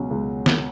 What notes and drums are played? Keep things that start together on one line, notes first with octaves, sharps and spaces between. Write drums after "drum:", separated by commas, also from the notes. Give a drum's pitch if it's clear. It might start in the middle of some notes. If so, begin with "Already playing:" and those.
Already playing: C#2 B2 F#3 C#4
C#2
drum: snare